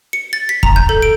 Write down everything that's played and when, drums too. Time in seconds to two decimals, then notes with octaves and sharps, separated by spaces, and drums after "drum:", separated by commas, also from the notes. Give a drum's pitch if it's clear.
0.13 C#7
0.33 A6
0.49 B6
0.63 A#5, drum: kick
0.76 G6
0.89 A4
1.02 D7